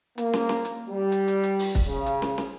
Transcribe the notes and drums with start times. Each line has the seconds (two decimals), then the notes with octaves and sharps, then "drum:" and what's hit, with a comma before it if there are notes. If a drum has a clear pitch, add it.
0.18 A#3, drum: hi-hat
0.33 drum: snare
0.49 drum: snare
0.65 drum: hi-hat
0.89 G3
1.12 drum: hi-hat
1.28 drum: hi-hat
1.44 drum: hi-hat
1.59 drum: open hi-hat
1.75 drum: kick, hi-hat
1.87 C#3
2.06 drum: hi-hat
2.22 drum: snare
2.38 drum: snare